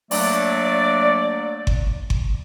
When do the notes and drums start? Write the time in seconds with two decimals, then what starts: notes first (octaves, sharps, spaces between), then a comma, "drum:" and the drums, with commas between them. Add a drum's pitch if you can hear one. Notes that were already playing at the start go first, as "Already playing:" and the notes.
0.11 F#3 A3 A#3 D4 D5, drum: open hi-hat
1.67 drum: kick G1
2.10 drum: kick G1